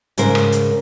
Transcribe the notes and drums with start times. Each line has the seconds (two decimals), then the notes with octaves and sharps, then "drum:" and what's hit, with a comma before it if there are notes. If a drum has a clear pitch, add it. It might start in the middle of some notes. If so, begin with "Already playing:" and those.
0.18 G#2 C#3 A#4 C5, drum: hi-hat
0.35 drum: rim click
0.52 drum: hi-hat